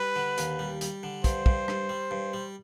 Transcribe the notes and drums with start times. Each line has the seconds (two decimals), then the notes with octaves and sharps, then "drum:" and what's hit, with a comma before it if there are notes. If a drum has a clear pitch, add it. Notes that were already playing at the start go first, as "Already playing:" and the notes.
Already playing: G3 B4
0.16 D3
0.38 D#2, drum: hi-hat
0.59 G3
0.81 G3, drum: hi-hat
1.03 D3
1.24 G2 C5, drum: kick, hi-hat
1.46 G2, drum: kick
1.68 G2, drum: rim click
1.89 G3
2.11 G2
2.33 G3